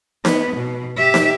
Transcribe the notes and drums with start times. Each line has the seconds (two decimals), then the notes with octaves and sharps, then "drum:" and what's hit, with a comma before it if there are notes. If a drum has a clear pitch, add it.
0.25 B3, drum: snare D#4
0.57 B2
0.97 G4 E5
1.14 drum: snare D#4